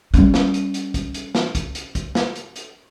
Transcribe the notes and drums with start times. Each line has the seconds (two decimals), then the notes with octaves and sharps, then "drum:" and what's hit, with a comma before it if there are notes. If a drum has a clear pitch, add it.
0.14 G3 C#4, drum: hi-hat
0.34 drum: snare
0.54 drum: hi-hat
0.74 drum: hi-hat
0.94 drum: kick, hi-hat
1.14 drum: hi-hat
1.35 drum: snare
1.55 drum: kick, hi-hat
1.75 drum: hi-hat
1.95 drum: kick, hi-hat
2.15 drum: snare
2.35 drum: hi-hat
2.56 drum: hi-hat